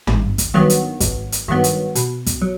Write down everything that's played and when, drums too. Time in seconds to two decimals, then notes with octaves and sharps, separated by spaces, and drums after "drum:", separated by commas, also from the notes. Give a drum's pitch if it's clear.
0.07 G#1, drum: tom
0.38 drum: kick, hi-hat
0.54 G2 D#3 F#3 B3
0.70 drum: hi-hat
1.00 G#1, drum: kick, hi-hat
1.32 drum: hi-hat
1.48 G2 D#3 F#3 B3
1.64 drum: hi-hat
1.95 B2, drum: hi-hat
2.26 drum: kick, hi-hat
2.42 F#3